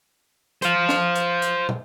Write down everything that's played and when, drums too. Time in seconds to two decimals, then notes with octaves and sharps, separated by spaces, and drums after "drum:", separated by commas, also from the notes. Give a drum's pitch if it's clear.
0.62 C5 F5, drum: hi-hat
0.89 drum: snare
1.16 drum: hi-hat
1.42 drum: hi-hat
1.69 drum: tom